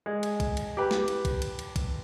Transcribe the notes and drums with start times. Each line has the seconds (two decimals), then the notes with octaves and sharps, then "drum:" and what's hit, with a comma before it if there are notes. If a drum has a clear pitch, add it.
0.06 G#3
0.23 drum: cymbal
0.40 drum: kick, cymbal
0.57 drum: cymbal
0.77 G4 B4
0.91 drum: snare
1.08 drum: cymbal
1.25 drum: kick, cymbal
1.42 drum: cymbal
1.59 drum: cymbal
1.76 drum: kick, cymbal